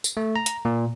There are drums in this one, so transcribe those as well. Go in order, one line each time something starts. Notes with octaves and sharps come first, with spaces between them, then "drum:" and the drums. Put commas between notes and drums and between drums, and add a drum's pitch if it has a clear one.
drum: tambourine
A3
A#5
drum: hi-hat
A#2